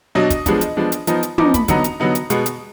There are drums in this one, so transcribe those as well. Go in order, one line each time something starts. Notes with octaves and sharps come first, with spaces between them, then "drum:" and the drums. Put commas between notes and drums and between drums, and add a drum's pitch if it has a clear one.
B2 F#3 D4 D#5
drum: kick, hi-hat
F3 G#3 B3 D4, drum: kick, hi-hat
drum: hi-hat
F3 G#3 B3 D4
drum: hi-hat
F3 B3 D#4, drum: hi-hat
drum: hi-hat
F3 B3 D#4 D6, drum: tom
B5, drum: kick, hi-hat
D3 F#3 B3 D#4 A#5, drum: kick, hi-hat
drum: hi-hat
D3 F#3 B3 D#4
drum: hi-hat
B2 G#3 B3, drum: hi-hat
drum: hi-hat